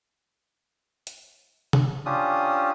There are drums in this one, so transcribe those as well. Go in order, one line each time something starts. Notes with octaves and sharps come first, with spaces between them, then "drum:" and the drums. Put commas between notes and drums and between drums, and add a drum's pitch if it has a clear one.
drum: hi-hat
drum: tom C3
C#4 D4 F4 G4 D#6